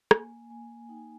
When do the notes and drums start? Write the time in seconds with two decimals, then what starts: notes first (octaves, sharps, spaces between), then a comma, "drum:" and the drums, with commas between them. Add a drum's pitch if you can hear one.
0.11 A#3 G#5, drum: rim click
0.50 A#3 G#5
0.89 D#4 G5
0.96 G#5